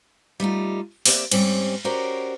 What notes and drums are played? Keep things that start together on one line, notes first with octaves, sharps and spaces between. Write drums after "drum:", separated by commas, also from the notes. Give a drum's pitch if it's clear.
G3 A3 D#4 F4
A#3 C4 G4 C5 D5 E5, drum: open hi-hat
G#2 D3 G3 C4 C#4, drum: cymbal
C#4 F#4 G4 A#4 C5 D5